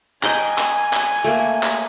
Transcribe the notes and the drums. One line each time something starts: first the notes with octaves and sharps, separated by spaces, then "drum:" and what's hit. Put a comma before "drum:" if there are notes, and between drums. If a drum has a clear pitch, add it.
D#5 G5 G#5 A#5, drum: clap
drum: clap
drum: clap
A3 A#3
drum: clap